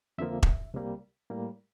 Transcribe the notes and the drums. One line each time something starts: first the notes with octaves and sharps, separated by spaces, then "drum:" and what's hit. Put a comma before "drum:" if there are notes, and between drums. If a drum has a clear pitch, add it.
F2 D3 F3 A#3 E5
drum: kick E1
C2 C3 G3 A#3
A2 G3 A#3